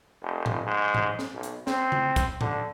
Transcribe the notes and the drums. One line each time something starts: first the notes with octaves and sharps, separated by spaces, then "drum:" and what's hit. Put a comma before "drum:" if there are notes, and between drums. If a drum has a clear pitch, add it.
F1
drum: tom G#2
G#2
drum: tom G#2
drum: snare
B1
drum: hi-hat
C4, drum: snare
drum: tom C#3
drum: kick, hi-hat
D3, drum: tom G#2